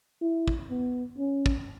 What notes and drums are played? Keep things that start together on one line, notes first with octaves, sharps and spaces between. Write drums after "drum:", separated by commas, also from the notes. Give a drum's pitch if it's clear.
E4
drum: kick
B3
C#4
drum: kick